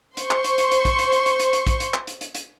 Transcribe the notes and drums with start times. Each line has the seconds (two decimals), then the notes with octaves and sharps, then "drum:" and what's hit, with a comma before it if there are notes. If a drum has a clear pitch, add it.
0.17 C5 C6 C#6, drum: hi-hat
0.31 drum: clap
0.44 drum: hi-hat
0.58 drum: hi-hat
0.71 drum: hi-hat
0.85 drum: kick, hi-hat
0.99 drum: hi-hat
1.12 drum: hi-hat
1.26 drum: hi-hat
1.39 drum: hi-hat
1.53 drum: hi-hat
1.67 drum: kick, hi-hat
1.80 drum: hi-hat
1.94 drum: clap
2.07 drum: hi-hat
2.21 drum: hi-hat
2.35 drum: hi-hat